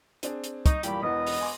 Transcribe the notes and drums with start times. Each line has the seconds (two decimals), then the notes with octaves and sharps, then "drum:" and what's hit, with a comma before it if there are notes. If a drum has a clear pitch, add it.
0.23 C4 D4 G#4, drum: hi-hat
0.44 drum: hi-hat
0.66 D#4 C#6, drum: kick, hi-hat
0.83 E2 G2 A#2 G4 B5, drum: hi-hat
1.03 E1 E2 B3 D#5
1.27 drum: open hi-hat
1.41 G#5 C6 D6